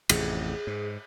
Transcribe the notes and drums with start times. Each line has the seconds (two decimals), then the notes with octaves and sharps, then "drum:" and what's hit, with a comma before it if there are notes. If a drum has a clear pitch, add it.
0.09 A1 F2 C3 G#4, drum: cymbal
0.67 G#2